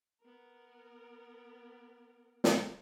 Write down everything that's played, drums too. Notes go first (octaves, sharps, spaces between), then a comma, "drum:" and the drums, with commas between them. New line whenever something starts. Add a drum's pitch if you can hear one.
B3 A#4
drum: snare